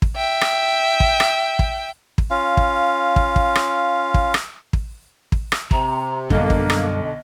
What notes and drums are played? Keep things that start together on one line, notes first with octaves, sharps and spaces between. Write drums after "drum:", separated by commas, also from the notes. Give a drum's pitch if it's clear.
drum: kick
E5 G5
drum: rim click
drum: kick
drum: rim click
drum: kick
drum: kick
C#4 F4 F5
drum: kick
drum: kick
drum: kick
drum: rim click
drum: kick
drum: rim click
drum: kick
drum: kick
drum: rim click
C3 A#5, drum: kick
B1 F#2 D3 G3 A#3 D4 D#5, drum: kick
drum: kick
drum: rim click